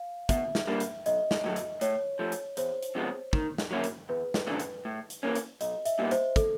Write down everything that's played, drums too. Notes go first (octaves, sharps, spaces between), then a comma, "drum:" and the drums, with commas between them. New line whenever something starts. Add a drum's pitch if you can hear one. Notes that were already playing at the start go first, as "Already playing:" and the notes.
Already playing: F5
B2 E5, drum: kick, hi-hat
drum: snare
G3 A#3 D4
drum: hi-hat
B1 D#5, drum: hi-hat
drum: snare
A2 F#3 A3
drum: hi-hat
A2 C#5, drum: hi-hat
F3 A3
drum: hi-hat
E2 C5, drum: hi-hat
drum: hi-hat
C3 F3 G#3 B3
D#3, drum: kick
drum: snare
F#3 A#3 C#4 E4
drum: hi-hat
E2 B4
drum: snare
C#3 E3 A3 D4
drum: hi-hat
A2
drum: hi-hat
E3 G3 A#3 C#4
drum: hi-hat
B1 D#5, drum: hi-hat
E5, drum: hi-hat
A#2 G3 B3
C5, drum: hi-hat
A4, drum: kick, hi-hat